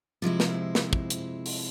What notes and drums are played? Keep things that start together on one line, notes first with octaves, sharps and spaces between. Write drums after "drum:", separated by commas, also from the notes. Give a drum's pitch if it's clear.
C3 F3 G#3 E4
drum: snare
drum: snare
drum: kick
drum: hi-hat
drum: open hi-hat